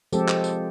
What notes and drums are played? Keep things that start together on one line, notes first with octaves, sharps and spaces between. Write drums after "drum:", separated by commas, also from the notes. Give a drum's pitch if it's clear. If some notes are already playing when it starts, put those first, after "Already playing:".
F3 G#3 C4 G4 A4, drum: tambourine
drum: clap
drum: tambourine